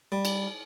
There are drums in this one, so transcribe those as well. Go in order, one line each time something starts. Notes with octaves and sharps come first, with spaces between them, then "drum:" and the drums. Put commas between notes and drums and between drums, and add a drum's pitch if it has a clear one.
G3
drum: cymbal